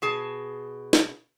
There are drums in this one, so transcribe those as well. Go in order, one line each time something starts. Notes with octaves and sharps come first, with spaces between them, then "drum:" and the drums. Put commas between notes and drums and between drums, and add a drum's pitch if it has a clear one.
B2 G#4 A5
drum: snare